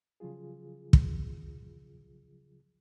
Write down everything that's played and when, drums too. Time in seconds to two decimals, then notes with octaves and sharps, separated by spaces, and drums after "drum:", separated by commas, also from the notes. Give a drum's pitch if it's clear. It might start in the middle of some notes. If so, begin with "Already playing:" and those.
0.20 C#3 F3 F#3 F4 G#4
0.93 drum: kick